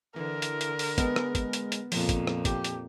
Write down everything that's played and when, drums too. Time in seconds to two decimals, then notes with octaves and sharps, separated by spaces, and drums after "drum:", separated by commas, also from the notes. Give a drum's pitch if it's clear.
0.16 D3 E3 A#4
0.42 drum: hi-hat
0.61 drum: hi-hat
0.79 drum: open hi-hat
0.98 G#3 B3, drum: kick, hi-hat
1.16 drum: rim click
1.35 drum: kick, hi-hat
1.53 drum: hi-hat
1.72 drum: hi-hat
1.92 F2 A#2 F3, drum: open hi-hat
2.09 drum: kick, hi-hat
2.27 drum: rim click
2.45 G4, drum: kick, hi-hat
2.64 drum: hi-hat